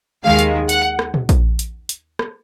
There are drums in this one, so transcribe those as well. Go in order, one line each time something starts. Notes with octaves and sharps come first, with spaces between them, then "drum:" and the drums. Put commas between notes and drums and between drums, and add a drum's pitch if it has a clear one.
D#2 D#3 G#3 F5
drum: hi-hat
F#5, drum: hi-hat
drum: rim click
drum: tom A#2
drum: kick, hi-hat
drum: hi-hat
drum: hi-hat
drum: rim click